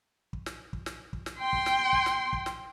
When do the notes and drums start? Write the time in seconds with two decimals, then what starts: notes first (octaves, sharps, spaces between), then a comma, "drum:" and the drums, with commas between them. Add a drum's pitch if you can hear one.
0.33 drum: kick
0.46 drum: snare
0.73 drum: kick
0.86 drum: snare
1.13 drum: kick
1.26 drum: snare
1.39 G5 C6
1.53 drum: kick
1.66 drum: snare
1.93 drum: kick
2.06 drum: snare
2.33 drum: kick
2.46 drum: snare